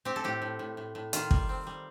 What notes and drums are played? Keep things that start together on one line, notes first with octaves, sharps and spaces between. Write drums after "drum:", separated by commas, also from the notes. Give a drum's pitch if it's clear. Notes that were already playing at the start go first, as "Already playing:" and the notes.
C4 G4
A4
A2 G4
A2
A2
A2
A2
D#3 F4, drum: hi-hat
G3, drum: kick
C4
G3